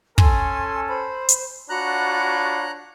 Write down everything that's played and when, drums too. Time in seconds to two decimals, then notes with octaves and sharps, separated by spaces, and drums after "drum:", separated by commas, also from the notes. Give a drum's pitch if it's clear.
0.18 C#4 A4 G#5 C6, drum: kick
0.88 C5 B5
1.29 drum: hi-hat
1.70 D4 F4 F#4 C#5 F#5 A#5 B5 F#6